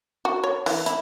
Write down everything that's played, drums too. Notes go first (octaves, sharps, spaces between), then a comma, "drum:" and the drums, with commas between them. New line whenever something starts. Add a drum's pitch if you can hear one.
F#4
C#5
E3, drum: open hi-hat
E4, drum: hi-hat